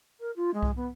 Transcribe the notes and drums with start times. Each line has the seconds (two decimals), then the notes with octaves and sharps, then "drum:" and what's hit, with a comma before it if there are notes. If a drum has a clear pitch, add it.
0.20 A#4
0.36 F4
0.53 G#3
0.63 drum: kick C2
0.76 B3